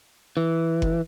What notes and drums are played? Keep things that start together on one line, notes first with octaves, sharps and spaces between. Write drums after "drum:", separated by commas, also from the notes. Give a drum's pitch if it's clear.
E3
drum: kick F#1